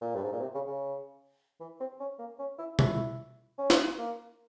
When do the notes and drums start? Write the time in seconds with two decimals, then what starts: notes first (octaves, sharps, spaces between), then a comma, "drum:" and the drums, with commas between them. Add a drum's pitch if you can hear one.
0.01 A#2
0.15 G2
0.23 G#2
0.32 A#2
0.41 C3
0.55 C#3
0.67 C#3
1.60 E3
1.80 C4
2.00 C#4
2.19 A#3
2.39 C#4
2.59 E4
2.79 E4, drum: tom
3.58 C#4
3.70 drum: snare
3.98 A#3